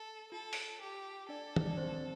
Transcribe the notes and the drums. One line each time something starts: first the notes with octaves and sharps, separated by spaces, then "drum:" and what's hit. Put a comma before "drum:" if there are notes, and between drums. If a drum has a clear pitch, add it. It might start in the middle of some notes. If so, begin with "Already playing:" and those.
Already playing: A4
F4 A4
drum: open hi-hat
G4
D4 A4 D5
drum: tom
D5
C4 C5